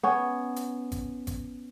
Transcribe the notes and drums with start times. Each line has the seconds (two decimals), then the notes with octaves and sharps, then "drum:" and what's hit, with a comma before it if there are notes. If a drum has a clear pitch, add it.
0.03 B3 C#4
0.56 drum: hi-hat
0.92 drum: kick G#1, hi-hat
1.27 drum: kick G#1, hi-hat